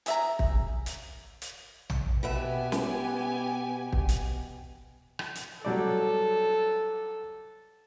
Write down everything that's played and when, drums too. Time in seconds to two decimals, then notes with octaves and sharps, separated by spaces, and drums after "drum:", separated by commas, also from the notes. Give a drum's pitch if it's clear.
0.06 G#4 E5 A#5, drum: hi-hat
0.39 drum: kick
0.86 drum: hi-hat
1.42 drum: hi-hat
1.90 drum: tom A#1
2.23 B2 B3 G4 B4 E5 G#5
2.72 drum: snare
3.93 drum: kick
4.09 drum: hi-hat
5.19 drum: rim click
5.36 drum: hi-hat
5.65 F#3 G3 A4 D5